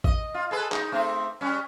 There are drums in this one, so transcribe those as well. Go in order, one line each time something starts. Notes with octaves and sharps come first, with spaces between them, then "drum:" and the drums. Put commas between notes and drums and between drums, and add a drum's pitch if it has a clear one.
D#5, drum: kick A1
F4
G#4 A4 B4
D#4, drum: clap
A3 C4 D#4
G3 C#4